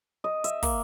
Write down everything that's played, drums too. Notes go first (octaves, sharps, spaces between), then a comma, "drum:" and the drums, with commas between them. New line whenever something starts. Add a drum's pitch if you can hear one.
D#5
E5, drum: hi-hat
A#3, drum: kick, open hi-hat